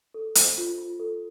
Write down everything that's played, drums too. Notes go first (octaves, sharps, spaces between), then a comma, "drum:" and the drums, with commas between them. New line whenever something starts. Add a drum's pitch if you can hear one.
A4
C5, drum: hi-hat
F4
F4
A4